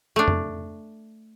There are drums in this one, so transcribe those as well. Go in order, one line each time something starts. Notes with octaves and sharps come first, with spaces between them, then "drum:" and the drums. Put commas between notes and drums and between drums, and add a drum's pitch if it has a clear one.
A3 D4
drum: tom